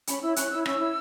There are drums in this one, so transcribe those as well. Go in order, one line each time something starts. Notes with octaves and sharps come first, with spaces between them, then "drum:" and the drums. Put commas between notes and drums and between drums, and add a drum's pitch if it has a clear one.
C#4 B5, drum: hi-hat
E4 C#5 E6
C#4 F#6, drum: hi-hat
E4 C#5 E6
C#4 E6, drum: rim click
E4 C#5